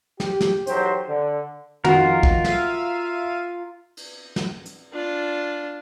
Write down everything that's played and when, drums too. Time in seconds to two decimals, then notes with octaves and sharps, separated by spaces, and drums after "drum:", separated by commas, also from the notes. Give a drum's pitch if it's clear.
0.20 G4, drum: snare
0.41 drum: snare
0.67 B1 E2 F#3 G4 C5, drum: hi-hat
1.08 D3
1.84 F2 D#3 F4 F#4 A#4, drum: tom
2.23 drum: kick
2.44 E5 F5 D#7, drum: snare
3.97 drum: cymbal
4.36 drum: snare
4.66 drum: hi-hat
4.93 D4 F4